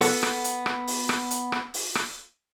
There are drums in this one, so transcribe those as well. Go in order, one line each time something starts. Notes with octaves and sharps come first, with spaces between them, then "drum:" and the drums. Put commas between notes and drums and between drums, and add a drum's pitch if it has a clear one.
B3 A4 F#5, drum: open hi-hat
drum: rim click
drum: hi-hat
drum: rim click
drum: open hi-hat
drum: rim click
drum: hi-hat
drum: rim click
drum: open hi-hat
drum: rim click